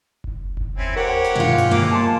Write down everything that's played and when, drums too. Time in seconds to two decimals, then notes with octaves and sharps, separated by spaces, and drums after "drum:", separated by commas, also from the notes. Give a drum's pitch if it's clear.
0.24 drum: kick F1
0.57 drum: kick F1
0.78 D#2 C4 C#4 E4
0.96 G4 A#4 C5 C#5 F#5
1.24 drum: snare
1.35 G2 B2 G#3 F4
1.58 drum: open hi-hat
1.71 E3 A#3 F5 D6
1.91 F4 G#5 A5 C6